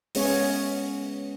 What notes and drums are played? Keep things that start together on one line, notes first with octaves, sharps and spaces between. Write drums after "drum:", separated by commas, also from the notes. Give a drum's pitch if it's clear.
G#3 B3 C#4 G#4 C#5, drum: open hi-hat